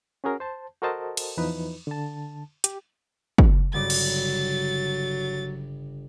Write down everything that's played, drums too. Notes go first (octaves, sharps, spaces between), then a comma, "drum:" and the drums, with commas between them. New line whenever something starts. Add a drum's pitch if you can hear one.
C#4 F#4 G#4 A#4
C5 A5
F#4 A4 A#4 C5 D#5 A5
drum: cymbal
E2 E3 F3 D#4 B4
D3 A5
G4, drum: hi-hat
drum: kick
G1 C#3 F#3 D5 A6
drum: cymbal